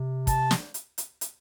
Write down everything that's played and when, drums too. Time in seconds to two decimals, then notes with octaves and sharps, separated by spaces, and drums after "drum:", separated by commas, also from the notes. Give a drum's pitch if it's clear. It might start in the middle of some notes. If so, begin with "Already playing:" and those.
Already playing: C3
0.27 A5, drum: kick, hi-hat
0.51 drum: snare
0.74 drum: hi-hat
0.98 drum: hi-hat
1.21 drum: hi-hat